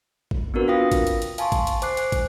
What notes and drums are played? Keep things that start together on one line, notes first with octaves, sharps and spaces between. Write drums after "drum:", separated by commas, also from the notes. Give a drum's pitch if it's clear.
drum: kick
B3 C4 D4 F#4 A#4 B4
F4 F5 G5 D#6 A#6
drum: kick, hi-hat
drum: hi-hat
drum: hi-hat
F5 G#5 A5 C6 C#6, drum: hi-hat
drum: kick, hi-hat
drum: hi-hat
C5 D6 F#6 C7, drum: hi-hat
G#5, drum: hi-hat
drum: kick, hi-hat